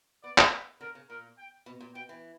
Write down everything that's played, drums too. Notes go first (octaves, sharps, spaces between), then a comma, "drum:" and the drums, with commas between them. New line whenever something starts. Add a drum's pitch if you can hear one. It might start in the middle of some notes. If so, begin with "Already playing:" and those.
B3 D5
D3, drum: clap
B4
D3 A#4
C#3
A#2 A#4
G5
B2
A#2
B2 G5
E3